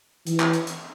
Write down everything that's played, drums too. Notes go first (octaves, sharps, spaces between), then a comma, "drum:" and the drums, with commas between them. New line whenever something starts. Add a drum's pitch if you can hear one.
E3, drum: hi-hat
drum: clap
drum: hi-hat
drum: hi-hat